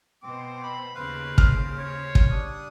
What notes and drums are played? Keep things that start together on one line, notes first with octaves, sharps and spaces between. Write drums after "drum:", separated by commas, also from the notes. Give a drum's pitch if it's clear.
B2 C4 C5 D6
B5
D#2 C#3 B4 C5 F5
F6, drum: kick
C#5
drum: kick
G3 D4 D#6